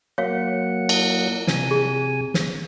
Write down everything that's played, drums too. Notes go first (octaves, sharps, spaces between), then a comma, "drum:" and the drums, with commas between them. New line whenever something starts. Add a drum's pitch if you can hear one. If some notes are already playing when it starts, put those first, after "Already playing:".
F#3 A#3 C#5 F5 F#5
drum: cymbal
C3 G#5, drum: snare
G#4
drum: snare